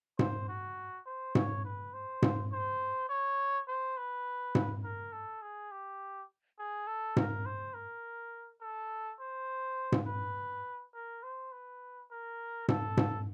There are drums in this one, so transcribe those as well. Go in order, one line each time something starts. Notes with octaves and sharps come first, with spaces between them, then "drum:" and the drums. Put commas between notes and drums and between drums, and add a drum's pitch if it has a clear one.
C5, drum: tom G#2
F#4
C5
C#5, drum: tom G#2
B4
C5
drum: tom G#2
C5
C#5
C5
B4
drum: tom G#2
A#4
A4
G#4
G4
G#4
A4
A#4, drum: tom G#2
C5
A#4
A4
C5
drum: tom G#2
B4
A#4
C5
B4
A#4
A4, drum: tom G#2
drum: tom G#2